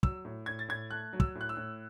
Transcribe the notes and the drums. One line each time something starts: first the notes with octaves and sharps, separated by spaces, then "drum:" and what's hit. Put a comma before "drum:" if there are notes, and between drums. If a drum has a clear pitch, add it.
F#3 E6, drum: kick
A2
A2 G#6
A6
A2 G#6
A3 F#6
F#3
E6, drum: kick
A2
F#6
E6
A2